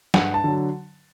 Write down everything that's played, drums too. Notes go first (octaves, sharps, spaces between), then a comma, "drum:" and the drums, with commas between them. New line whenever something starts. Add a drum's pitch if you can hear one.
G2 F#5, drum: snare
A5
D3 F#3